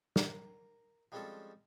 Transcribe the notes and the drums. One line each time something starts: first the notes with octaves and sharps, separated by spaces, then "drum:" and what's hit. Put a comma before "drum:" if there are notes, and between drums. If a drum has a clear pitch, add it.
A#4, drum: snare
F3 G3 G#3 C4 C#4 A4